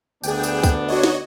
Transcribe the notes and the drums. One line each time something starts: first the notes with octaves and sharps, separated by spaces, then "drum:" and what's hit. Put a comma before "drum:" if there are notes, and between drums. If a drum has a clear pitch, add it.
D2 B3 D4 G#4 G5, drum: tambourine
drum: tambourine
drum: kick C#2, tambourine
F#4 C#5 D#5
drum: snare